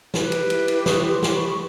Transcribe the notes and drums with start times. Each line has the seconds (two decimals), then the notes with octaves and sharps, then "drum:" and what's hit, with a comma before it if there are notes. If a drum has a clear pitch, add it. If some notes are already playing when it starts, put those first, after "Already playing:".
0.14 E4 G4 B4, drum: snare
0.32 drum: cymbal
0.50 drum: cymbal
0.68 drum: cymbal
0.80 D6
0.86 C#6 D#6, drum: snare
1.10 C6 D6
1.22 drum: snare
1.34 B5 C#6
1.49 C#6